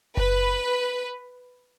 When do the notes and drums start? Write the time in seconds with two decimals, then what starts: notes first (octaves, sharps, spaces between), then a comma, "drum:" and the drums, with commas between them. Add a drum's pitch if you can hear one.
0.17 B4, drum: kick F#1